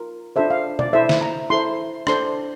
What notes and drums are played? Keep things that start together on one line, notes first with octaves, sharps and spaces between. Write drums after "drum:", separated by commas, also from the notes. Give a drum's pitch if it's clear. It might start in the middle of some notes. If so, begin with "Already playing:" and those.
Already playing: F4 A#4
D4 F4 A4 C5 E5
F5
D5, drum: tom
E4 A4 C5 E5
drum: snare
A#5
E4 A4 C5 C6
D4 A4 C5 C6, drum: rim click